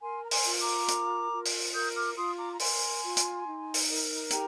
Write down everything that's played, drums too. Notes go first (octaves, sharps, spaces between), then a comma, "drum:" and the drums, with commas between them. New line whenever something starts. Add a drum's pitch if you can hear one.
A#4 G#5 C6
A#5
G#5 C6, drum: open hi-hat
F4
A#5 D6
A#4, drum: hi-hat
F4
drum: open hi-hat
A#4 D#6 G6
D6 F6
F4 C6 D#6
A#5 D6
A#5
A#4 G#5 C6, drum: open hi-hat
F4
drum: hi-hat
D#4
drum: open hi-hat
A#4
G4 G5 A#5, drum: hi-hat